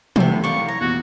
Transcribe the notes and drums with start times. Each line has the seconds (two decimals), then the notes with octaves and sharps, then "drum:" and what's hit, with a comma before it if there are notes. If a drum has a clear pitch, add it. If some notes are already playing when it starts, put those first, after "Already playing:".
0.16 C2 C3 A3 B3 G4, drum: tom
0.44 D4 F4 A#4 C#6
0.68 C#5 A#5
0.81 E2 A#2 F#4